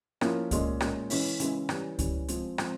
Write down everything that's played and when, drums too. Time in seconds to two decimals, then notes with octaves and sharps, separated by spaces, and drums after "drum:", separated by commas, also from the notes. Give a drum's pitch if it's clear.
0.21 F3 A#3 C#4 E4, drum: rim click
0.51 A#2 G#3 C#4, drum: kick C#2, hi-hat
0.80 A#2 G#3 C#4, drum: rim click
1.10 C#3 E3 G#3 C#4 E4, drum: open hi-hat
1.40 C#3 E3 G#3 C#4 E4, drum: hi-hat
1.69 E3 G3 C#4, drum: rim click
1.99 E3 G3 C#4, drum: kick C#2, hi-hat
2.28 F3 G#3 C4, drum: hi-hat
2.58 F3 G#3 C4, drum: rim click